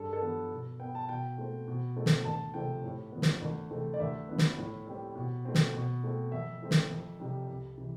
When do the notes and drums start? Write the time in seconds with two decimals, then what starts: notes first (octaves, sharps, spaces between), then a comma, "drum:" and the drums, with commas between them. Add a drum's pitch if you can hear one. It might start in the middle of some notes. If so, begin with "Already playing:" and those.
Already playing: G2 A4
0.13 A4
0.22 F3 B3
0.52 B2
0.80 B3 G5
0.95 A5
1.08 B2 G5
1.38 A3 C4
1.68 B2
1.96 A3 C4
2.06 drum: snare
2.25 D2 A5
2.54 C3 F3 A3 C4 G5
2.84 A2
3.12 F3 B3
3.22 drum: snare
3.41 D2
3.70 C3 E3 A3 C4
3.94 D5
4.00 D2 E5
4.29 D3 F3 B3
4.38 drum: snare
4.58 A2
4.87 G3 C4
5.15 B2
5.45 A3 C4
5.55 drum: snare
5.74 B2
6.04 A3 C4
6.32 F2 E5
6.61 E3 A3 C4
6.71 drum: snare
6.90 F2
7.20 C3 G3
7.48 C2
7.77 C3 E3